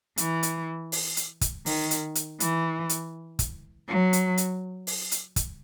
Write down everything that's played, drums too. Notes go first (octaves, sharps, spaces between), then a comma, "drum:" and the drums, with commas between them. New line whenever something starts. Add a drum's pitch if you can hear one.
E3, drum: hi-hat
drum: hi-hat
drum: open hi-hat
drum: hi-hat
drum: kick, hi-hat
D#3, drum: open hi-hat
drum: hi-hat
drum: hi-hat
E3, drum: hi-hat
drum: hi-hat
drum: kick, hi-hat
F#3
drum: hi-hat
drum: hi-hat
drum: open hi-hat
drum: hi-hat
drum: kick, hi-hat